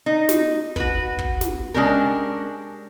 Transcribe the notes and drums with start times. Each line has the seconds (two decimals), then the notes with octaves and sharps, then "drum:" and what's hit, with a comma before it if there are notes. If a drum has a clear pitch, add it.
0.06 D#4
0.29 drum: snare
0.76 F#4 B4, drum: kick
1.19 drum: kick
1.41 drum: snare
1.74 G#3 C#4 D4 G4 A#4